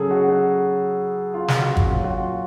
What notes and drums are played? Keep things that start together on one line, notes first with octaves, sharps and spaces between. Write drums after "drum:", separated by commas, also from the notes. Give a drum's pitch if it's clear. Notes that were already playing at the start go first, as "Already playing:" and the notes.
Already playing: C#3 F#3 G#4 A4
F#4
F#4
F4
drum: snare
F#4
drum: kick
A#2 F#3 F4
F#4
F4